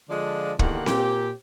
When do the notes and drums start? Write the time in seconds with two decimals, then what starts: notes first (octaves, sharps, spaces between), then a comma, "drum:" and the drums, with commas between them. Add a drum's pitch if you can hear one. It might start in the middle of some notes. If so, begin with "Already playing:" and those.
0.10 D3 F3 G#3 D4 F4 D5
0.59 E2 D3 D#3 A#3 G4 F#5, drum: kick
0.86 A#2 G4, drum: snare C4